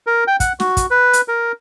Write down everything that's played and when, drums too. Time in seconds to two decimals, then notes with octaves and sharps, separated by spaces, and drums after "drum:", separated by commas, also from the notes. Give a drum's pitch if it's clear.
0.07 A#4
0.27 G5
0.40 F#5, drum: kick, hi-hat
0.60 F#4, drum: snare
0.77 drum: kick, hi-hat
0.90 B4
1.13 drum: hi-hat
1.28 A#4